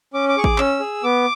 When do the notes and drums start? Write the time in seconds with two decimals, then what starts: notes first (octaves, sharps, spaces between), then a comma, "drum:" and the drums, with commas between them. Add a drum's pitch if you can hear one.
0.14 C#4 D6
0.29 D6
0.37 G#4 C#6
0.44 D6, drum: kick A1
0.58 C#4 E6, drum: clap
0.80 G#4
1.03 B3 D6